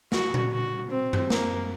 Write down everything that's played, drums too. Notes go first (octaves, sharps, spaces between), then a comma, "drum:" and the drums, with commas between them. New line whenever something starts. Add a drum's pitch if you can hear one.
F#4, drum: snare
drum: tom A#2
F#4
C4
drum: tom F#2
A#3, drum: snare